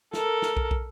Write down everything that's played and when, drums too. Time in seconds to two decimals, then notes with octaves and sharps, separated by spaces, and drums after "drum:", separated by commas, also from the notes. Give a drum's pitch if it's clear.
0.13 A4 A#4, drum: snare
0.42 drum: snare
0.57 drum: kick
0.71 drum: kick